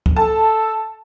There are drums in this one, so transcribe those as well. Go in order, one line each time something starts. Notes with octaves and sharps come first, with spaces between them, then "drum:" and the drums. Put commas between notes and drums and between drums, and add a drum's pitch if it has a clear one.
drum: kick
A4 A5